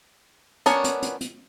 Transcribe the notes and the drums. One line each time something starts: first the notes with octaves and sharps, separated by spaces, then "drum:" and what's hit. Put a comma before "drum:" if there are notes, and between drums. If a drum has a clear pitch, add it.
B3 C#4 D4 A#4 C#5, drum: hi-hat
drum: hi-hat
drum: hi-hat
drum: hi-hat